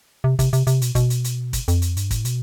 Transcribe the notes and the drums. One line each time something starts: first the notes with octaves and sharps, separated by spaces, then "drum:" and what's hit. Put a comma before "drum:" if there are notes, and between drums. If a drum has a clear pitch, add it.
C3
C3, drum: kick, hi-hat
C3, drum: hi-hat
C3, drum: hi-hat
B2, drum: hi-hat
B2, drum: kick, hi-hat
drum: hi-hat
drum: hi-hat
drum: kick, hi-hat
F2, drum: hi-hat
drum: hi-hat
G2, drum: hi-hat
A2, drum: kick, hi-hat
B2, drum: hi-hat